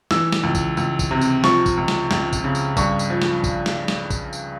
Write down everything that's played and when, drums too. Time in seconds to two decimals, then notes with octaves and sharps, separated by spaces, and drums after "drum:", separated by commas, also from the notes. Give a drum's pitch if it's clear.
0.11 E3 E6, drum: snare
0.32 drum: snare
0.43 C#2
0.55 drum: kick, tambourine
0.77 C#2, drum: tambourine
0.99 drum: kick, tambourine
1.11 C3
1.21 drum: tambourine
1.44 F3 C#6, drum: snare
1.66 drum: kick, tambourine
1.77 C#2
1.88 drum: snare
2.11 C#2, drum: snare
2.33 drum: kick, tambourine
2.44 C#3
2.55 drum: tambourine
2.77 G2 C#6, drum: kick, tambourine
2.99 drum: tambourine
3.10 F3
3.22 drum: snare
3.44 drum: kick, tambourine
3.66 drum: snare
3.88 drum: snare
4.10 drum: kick, tambourine
4.33 drum: tambourine